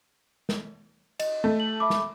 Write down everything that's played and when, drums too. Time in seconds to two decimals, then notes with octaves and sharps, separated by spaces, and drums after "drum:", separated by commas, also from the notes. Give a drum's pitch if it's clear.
0.49 drum: snare
1.20 D#5, drum: cymbal
1.44 A3
1.60 F#7
1.80 E5 B5 D6
1.90 drum: snare